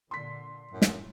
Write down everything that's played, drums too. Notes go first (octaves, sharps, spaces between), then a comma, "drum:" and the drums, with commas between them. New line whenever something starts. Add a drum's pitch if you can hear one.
A#2 D3 C6 B6
F#2 A2
drum: snare